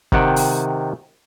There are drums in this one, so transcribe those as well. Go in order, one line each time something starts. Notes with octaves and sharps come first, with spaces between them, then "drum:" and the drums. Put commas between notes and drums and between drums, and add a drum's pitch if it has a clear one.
C3 D#3 F#5 G5, drum: kick
drum: open hi-hat